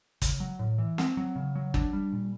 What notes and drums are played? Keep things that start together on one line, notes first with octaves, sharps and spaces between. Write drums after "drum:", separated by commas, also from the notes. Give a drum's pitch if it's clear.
C#3, drum: kick, hi-hat
F#3
A2
E3
C4, drum: snare
F#3
C#3
F#3
D4, drum: kick
G3
A#2